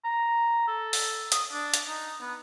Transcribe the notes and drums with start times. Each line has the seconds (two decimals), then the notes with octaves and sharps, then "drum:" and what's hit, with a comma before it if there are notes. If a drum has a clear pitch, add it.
0.05 A#5
0.68 A4
0.93 drum: open hi-hat
1.32 D#6, drum: hi-hat
1.53 D4
1.74 drum: hi-hat
1.88 D#4
2.21 B3